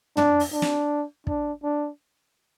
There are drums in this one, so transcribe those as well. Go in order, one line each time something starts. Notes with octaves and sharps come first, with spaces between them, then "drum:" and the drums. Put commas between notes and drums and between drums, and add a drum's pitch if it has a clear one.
D4, drum: tom
drum: open hi-hat
D4
drum: snare
D4, drum: kick
D4